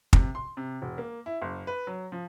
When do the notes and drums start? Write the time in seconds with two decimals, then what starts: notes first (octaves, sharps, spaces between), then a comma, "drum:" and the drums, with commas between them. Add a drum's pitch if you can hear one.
0.13 C3, drum: kick
0.35 C6
0.57 C3
0.82 E1
0.98 A#3
1.26 E4
1.42 F#1
1.67 B4
1.87 F#3
2.12 F3